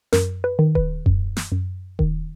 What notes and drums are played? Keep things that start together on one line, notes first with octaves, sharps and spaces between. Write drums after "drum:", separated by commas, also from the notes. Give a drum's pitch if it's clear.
F#2 A#4, drum: snare
B4
D#3
B4, drum: kick D#1
F#2, drum: kick D#1
drum: snare
F#2
D#3, drum: kick D#1